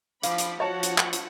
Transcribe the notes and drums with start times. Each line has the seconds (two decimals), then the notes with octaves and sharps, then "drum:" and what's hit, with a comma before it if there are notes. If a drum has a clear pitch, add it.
0.23 F3 F5 B5 D6, drum: hi-hat
0.38 drum: hi-hat
0.60 F3 F#4 C#5 F#5 A5
0.83 drum: hi-hat
0.98 drum: clap
1.13 drum: hi-hat